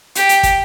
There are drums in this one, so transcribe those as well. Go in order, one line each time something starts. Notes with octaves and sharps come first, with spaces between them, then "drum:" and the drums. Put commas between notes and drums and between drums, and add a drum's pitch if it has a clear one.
G4, drum: hi-hat
drum: hi-hat
drum: kick, hi-hat